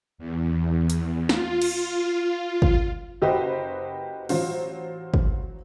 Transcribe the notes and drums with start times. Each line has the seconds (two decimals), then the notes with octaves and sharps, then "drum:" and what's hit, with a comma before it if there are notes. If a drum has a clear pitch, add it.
0.18 E2
0.90 drum: hi-hat
1.29 F4, drum: snare
1.62 drum: cymbal
2.62 drum: kick
3.22 F#1 F#4 G4 B4 C5 D#5
4.29 A1 F#3 F4 C5, drum: open hi-hat
5.14 drum: kick